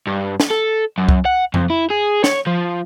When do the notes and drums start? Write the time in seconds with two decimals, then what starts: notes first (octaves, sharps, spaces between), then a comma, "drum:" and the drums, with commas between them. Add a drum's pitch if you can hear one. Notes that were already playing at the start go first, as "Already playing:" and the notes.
0.07 G2
0.40 drum: snare
0.51 A4
0.98 F#2
1.09 drum: kick C2
1.25 F#5
1.54 F2, drum: tom F2
1.70 E4
1.90 G#4
2.24 C#5, drum: snare
2.46 F3